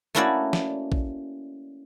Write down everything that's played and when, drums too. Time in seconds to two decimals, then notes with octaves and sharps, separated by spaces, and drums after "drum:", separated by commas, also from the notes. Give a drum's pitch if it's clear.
0.15 A3 A#3 C#4 E4 F#4 D5
0.53 drum: snare
0.92 drum: kick